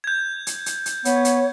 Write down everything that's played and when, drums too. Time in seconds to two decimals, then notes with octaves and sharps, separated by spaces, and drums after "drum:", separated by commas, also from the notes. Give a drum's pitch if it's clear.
0.04 G6 G#6
0.47 drum: hi-hat
0.66 drum: hi-hat
0.86 drum: hi-hat
1.05 B3 C#5, drum: hi-hat
1.25 drum: hi-hat